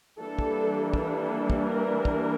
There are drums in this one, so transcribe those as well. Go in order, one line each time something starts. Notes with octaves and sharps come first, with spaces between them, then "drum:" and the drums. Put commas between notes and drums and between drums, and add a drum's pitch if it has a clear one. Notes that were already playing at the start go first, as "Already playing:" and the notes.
E3 G3 A#3 D4 A4
drum: kick
A4, drum: kick
drum: kick
A#4
drum: kick